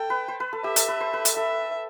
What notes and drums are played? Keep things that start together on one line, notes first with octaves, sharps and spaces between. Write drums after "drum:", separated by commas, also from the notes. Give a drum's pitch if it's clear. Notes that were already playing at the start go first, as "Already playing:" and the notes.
Already playing: A4 G5
B4
C5
B4
A4
G4 E5
A4, drum: hi-hat
B4
C5
B4
A4, drum: hi-hat
A4 E5